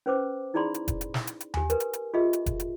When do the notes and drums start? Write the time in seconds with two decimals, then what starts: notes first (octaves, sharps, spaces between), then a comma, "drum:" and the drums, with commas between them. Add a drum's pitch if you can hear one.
0.06 C#4 B4 C5 D6
0.54 D#4 E4 G#4 D5 B5 C6
0.74 drum: hi-hat
0.88 drum: kick F1, hi-hat
1.01 drum: hi-hat
1.14 drum: snare
1.27 drum: hi-hat
1.41 drum: hi-hat
1.54 G4 G#5, drum: tom D#2
1.70 A#4 B4, drum: hi-hat
1.80 drum: hi-hat
1.93 drum: hi-hat
2.14 F4 G4 G#4 D#5 E5
2.33 drum: hi-hat
2.46 drum: kick F1, hi-hat
2.60 drum: hi-hat